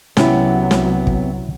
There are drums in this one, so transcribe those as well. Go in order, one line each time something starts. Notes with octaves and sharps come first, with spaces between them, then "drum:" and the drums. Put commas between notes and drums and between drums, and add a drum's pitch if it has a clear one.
C2 C3 F#3 B3 C#4 E4, drum: snare
drum: snare
drum: kick